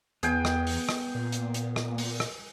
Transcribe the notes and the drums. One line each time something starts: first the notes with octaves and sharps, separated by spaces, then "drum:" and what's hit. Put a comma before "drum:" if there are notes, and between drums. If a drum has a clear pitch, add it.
E2 B3 G#4 G5, drum: hi-hat
drum: rim click
drum: open hi-hat
drum: rim click
A#2
drum: hi-hat
drum: hi-hat
drum: rim click
drum: open hi-hat
drum: rim click